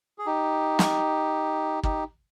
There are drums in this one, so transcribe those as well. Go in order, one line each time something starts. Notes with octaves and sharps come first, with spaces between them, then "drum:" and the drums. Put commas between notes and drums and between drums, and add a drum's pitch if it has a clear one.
G#4
D#4 G4
drum: snare
D#4 G4, drum: kick